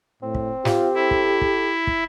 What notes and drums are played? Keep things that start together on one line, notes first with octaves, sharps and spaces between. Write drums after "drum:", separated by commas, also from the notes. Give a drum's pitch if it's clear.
A2 C4
drum: kick
F4 G4, drum: snare
E4 A4
drum: kick
drum: kick
drum: kick